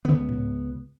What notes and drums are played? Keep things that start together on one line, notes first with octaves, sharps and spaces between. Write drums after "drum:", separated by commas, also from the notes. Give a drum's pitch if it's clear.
C#2 B3, drum: tom C#3
drum: tom G#2